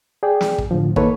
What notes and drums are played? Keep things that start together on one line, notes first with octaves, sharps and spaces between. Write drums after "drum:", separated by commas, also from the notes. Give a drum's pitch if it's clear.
G#4 D5 G5
drum: snare
drum: kick
A2 D3 F3
D#3 A#3 A4 B4 C#5, drum: kick